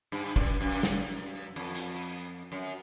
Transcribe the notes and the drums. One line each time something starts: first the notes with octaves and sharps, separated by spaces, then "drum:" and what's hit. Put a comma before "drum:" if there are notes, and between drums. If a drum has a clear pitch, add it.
G2
F#2, drum: kick
F#2
drum: snare
F2
drum: hi-hat
F#2